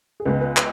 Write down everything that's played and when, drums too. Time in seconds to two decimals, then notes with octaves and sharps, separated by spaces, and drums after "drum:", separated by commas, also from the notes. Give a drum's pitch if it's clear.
0.20 G#4
0.25 C#2 C#3 G#3 B3 B4
0.41 B4
0.57 B4, drum: clap